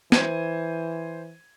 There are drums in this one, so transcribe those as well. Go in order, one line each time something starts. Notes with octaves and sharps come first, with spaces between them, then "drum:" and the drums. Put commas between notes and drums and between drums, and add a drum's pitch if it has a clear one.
E3 C5 G#6 D#7, drum: snare